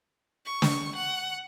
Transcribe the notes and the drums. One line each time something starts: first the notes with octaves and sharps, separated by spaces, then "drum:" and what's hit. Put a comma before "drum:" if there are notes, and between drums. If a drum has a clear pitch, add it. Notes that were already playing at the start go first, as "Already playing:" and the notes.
C#6
drum: snare
F#5